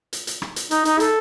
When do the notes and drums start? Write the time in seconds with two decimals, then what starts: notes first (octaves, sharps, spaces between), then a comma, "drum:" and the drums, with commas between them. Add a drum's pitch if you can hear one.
0.13 drum: hi-hat
0.27 drum: hi-hat
0.42 drum: rim click
0.56 drum: hi-hat
0.71 D#4, drum: hi-hat
0.85 D#4, drum: hi-hat
1.00 A4, drum: hi-hat